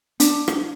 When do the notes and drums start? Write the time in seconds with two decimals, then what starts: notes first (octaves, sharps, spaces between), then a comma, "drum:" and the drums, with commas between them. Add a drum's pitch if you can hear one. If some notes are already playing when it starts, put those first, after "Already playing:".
0.20 D4, drum: hi-hat
0.48 drum: rim click